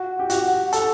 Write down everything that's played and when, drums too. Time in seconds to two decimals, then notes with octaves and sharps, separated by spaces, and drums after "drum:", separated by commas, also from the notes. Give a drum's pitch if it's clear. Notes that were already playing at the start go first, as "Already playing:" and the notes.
Already playing: F#4
0.19 G4
0.30 F#4, drum: hi-hat
0.73 A4, drum: hi-hat